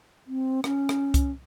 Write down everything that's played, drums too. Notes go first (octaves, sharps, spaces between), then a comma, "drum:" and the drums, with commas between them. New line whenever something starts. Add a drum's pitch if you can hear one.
C4
C#4, drum: rim click
drum: rim click
drum: kick C2, hi-hat